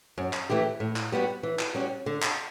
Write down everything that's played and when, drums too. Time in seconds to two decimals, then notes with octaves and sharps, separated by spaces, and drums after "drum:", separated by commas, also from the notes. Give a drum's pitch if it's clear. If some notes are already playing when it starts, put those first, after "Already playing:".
0.18 F#2
0.33 drum: clap
0.49 E3 A3 E4 G4
0.80 A2
0.96 drum: clap
1.12 G3 B3 F#4
1.43 E3
1.59 drum: clap
1.75 G3 C#4 F#4
2.06 D3
2.22 drum: clap